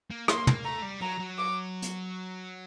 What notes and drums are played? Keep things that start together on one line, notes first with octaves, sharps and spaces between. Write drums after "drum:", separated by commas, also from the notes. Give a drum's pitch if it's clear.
A#3
A#3 C6, drum: rim click
A#3, drum: tom
A3 A#5
G3
F#3 A#5
F#3
D6
drum: hi-hat